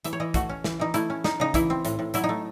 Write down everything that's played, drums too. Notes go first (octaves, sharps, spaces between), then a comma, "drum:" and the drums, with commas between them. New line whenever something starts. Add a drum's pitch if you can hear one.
E3 E5, drum: hi-hat
C#5
E3 D#5
A3 F#4, drum: kick, hi-hat
C#4
E3, drum: snare
E3 D#4
A3 E4, drum: hi-hat
C#4
D#4, drum: snare
C#3 D#4
E3 E4, drum: kick, hi-hat
C4
A2, drum: hi-hat
A2
F#3 E4, drum: hi-hat
D#4
A3